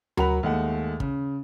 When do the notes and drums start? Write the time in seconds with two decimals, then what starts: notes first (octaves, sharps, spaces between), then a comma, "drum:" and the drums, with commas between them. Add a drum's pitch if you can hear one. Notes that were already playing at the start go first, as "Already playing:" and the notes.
0.17 F#3 A#4 F#5 B5 F7, drum: tom D2
0.43 D#2 G#3 A3 F#5
1.00 C#3, drum: kick